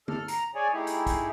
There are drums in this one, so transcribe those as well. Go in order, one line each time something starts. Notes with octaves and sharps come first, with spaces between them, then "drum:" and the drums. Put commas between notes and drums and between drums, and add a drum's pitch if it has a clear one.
A4 F6, drum: tom
A#5, drum: hi-hat
G#4 C#5 D5 G#5
A3 D#4 E4 G4 G#4
drum: hi-hat
drum: kick, hi-hat